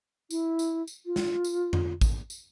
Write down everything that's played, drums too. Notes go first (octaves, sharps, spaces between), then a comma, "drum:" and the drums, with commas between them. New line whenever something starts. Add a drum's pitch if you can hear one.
E4, drum: tambourine
drum: tambourine
drum: tambourine
F4
drum: snare
drum: tambourine
drum: tom F2
drum: kick, tambourine
drum: tambourine